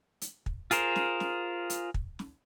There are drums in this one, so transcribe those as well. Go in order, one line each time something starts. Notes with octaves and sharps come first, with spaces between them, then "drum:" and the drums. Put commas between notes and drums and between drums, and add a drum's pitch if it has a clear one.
drum: hi-hat
drum: kick
F4 G#4 A#4 C5, drum: hi-hat
drum: snare
drum: snare
drum: hi-hat
drum: kick
drum: snare